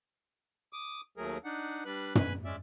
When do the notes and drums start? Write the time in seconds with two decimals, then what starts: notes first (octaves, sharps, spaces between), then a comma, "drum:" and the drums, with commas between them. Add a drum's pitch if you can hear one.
0.73 D6 D#6
1.17 D#2 F#3 A3 G#4 A#4
1.44 D4 D#4 F#5
1.85 G3 D4 B4 F#6
2.15 B4 G#5 B5, drum: tom
2.45 G#3 C#4 D5 E5